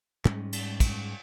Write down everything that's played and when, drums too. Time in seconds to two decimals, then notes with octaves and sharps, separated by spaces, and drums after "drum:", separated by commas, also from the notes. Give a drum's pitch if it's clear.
0.25 G#2 G3 G#3 C#4, drum: clap
0.53 drum: cymbal
0.80 drum: kick, cymbal